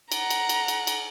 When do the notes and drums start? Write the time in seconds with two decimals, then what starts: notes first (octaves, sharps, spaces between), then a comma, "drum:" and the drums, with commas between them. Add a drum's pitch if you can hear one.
0.12 F#5 A#5, drum: cymbal
0.30 drum: cymbal
0.49 drum: cymbal
0.68 drum: cymbal
0.87 drum: cymbal